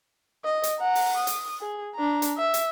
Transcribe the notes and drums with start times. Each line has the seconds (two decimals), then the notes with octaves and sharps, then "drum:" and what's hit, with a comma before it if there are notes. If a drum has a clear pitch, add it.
0.44 D#5
0.64 drum: hi-hat
0.80 F#5 A#5
0.95 drum: open hi-hat
1.17 D#6
1.27 drum: hi-hat
1.61 G#4
1.95 D4 A#5
2.22 drum: hi-hat
2.38 E5
2.54 drum: hi-hat